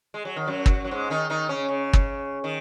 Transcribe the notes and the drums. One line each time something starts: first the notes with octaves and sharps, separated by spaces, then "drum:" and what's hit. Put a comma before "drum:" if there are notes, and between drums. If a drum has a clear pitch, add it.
G#3
F#3
D#3
F#2 F#3
drum: kick
F#3
G#2 G#3
D#3 D#4
D#3 D#4
C#3 C#4
C#3
drum: kick
D#3